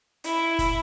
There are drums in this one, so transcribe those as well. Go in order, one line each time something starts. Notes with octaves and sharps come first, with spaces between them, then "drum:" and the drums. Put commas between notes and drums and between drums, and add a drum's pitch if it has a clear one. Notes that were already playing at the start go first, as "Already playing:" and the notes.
E4, drum: hi-hat
drum: kick F1, hi-hat